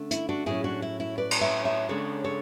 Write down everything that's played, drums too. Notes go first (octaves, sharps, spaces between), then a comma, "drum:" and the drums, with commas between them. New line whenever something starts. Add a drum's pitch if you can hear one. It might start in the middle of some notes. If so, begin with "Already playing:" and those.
Already playing: D3 A3 C#4
E4, drum: hi-hat
D4 F#4
A2 F#3 C#4 E4 G#4
D4 F#4
E4
E4
B4 D5
drum: cymbal
C#5 E5
C#5 E5
C#3 G#3 D4 A4 C#5
A4 C#5